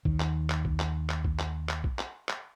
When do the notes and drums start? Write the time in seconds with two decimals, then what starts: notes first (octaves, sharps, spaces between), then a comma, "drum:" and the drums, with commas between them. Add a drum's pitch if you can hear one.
0.05 D#2 D#3, drum: kick B1
0.20 drum: clap
0.50 drum: clap
0.65 drum: kick B1
0.80 drum: clap
1.10 drum: clap
1.25 drum: kick B1
1.39 drum: clap
1.69 drum: clap
1.84 drum: kick B1
1.99 drum: clap
2.29 drum: clap